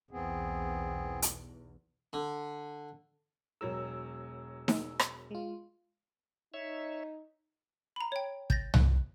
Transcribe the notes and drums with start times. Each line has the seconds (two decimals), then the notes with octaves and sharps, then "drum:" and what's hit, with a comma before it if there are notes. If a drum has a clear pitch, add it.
0.11 B1 E2 B3 C4 G#4
1.22 drum: hi-hat
2.13 D3
3.61 E1 F#3 A#4 E6
4.68 drum: snare D#4
4.99 drum: rim click
5.31 G#3 F4
6.54 D#4 C#5 E5
7.96 A#5 B5
8.12 C#5 G5
8.50 G6 A6 A#6, drum: kick
8.74 F#6, drum: tom C2